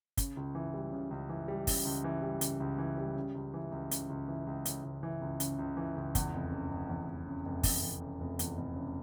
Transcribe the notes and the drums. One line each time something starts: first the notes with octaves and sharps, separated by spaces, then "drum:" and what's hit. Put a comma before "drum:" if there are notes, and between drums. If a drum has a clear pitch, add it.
C#3, drum: kick, hi-hat
C#2
E3
G3
C#3
C#2
E3
G3
C#3, drum: kick, open hi-hat
C#2
E3
G3
C#3, drum: hi-hat
C#2
E3
G3
C#3
C#2
E3
C#2
C#3, drum: hi-hat
C#2
E3
C#2
C#3, drum: hi-hat
C#2
E3
C#2
C#3, drum: hi-hat
C#2
E3
C#2
E2, drum: kick, hi-hat
F1
C#3
F1
E2
F1
C#3
F1
E2, drum: kick, open hi-hat
F1
C#3
F1
E2, drum: hi-hat
F1
C#3